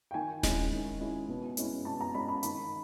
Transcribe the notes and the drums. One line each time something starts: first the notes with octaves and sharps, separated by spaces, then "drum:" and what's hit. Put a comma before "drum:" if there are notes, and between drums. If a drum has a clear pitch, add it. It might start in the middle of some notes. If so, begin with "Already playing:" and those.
G5
D#3 G#5
G#3 C#4 E4, drum: snare D#1
D#3
G#3 C#4 E4
B2
G#3 C#4 E4, drum: hi-hat
B2 A5
A#5
G#3 C#4 E4 B5
B5
D#3 B5, drum: hi-hat